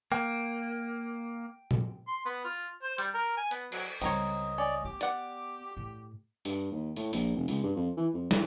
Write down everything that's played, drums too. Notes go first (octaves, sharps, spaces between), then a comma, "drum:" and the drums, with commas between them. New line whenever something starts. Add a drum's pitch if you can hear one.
A#3 G5
drum: tom A#2
C6
B3
F4
C5
G3, drum: hi-hat
A#4
G#5
B3, drum: hi-hat
F#3, drum: cymbal
C#2 G3 C4 A#4 C#5 D#5, drum: open hi-hat
C#4 D5
B3 G4 D6
D5 F#5, drum: hi-hat
A2
G2, drum: open hi-hat
D#2
A2, drum: open hi-hat
A#1, drum: open hi-hat
F1
C#2, drum: open hi-hat
G2
F2
E3
F2
E3, drum: snare